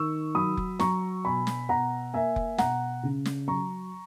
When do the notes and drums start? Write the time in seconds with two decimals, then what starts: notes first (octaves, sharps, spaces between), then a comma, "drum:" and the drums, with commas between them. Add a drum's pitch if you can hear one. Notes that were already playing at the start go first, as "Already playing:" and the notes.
Already playing: D#3 C#6 E6
0.35 F#3 B5 D#6
0.57 drum: kick F1
0.80 F#3 A#5 C#6, drum: snare
1.25 B2 G#5 B5
1.47 drum: snare
1.69 B2 F#5 A#5
2.14 A#3 E5 G#5
2.36 drum: kick F1
2.58 B2 F#5 A#5, drum: snare
3.03 C#3
3.25 drum: snare
3.48 F#3 A#5 C#6